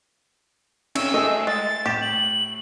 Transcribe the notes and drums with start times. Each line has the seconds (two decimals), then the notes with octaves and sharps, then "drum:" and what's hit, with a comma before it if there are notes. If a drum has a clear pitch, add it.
0.95 C#4 E6, drum: cymbal
1.14 A3 G#4 D#5
1.47 G#3 A6
1.86 A2 G4 E7
2.02 F#7